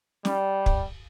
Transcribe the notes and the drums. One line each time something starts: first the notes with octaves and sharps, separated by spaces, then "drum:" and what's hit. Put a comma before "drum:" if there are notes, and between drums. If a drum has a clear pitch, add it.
G3, drum: snare
drum: kick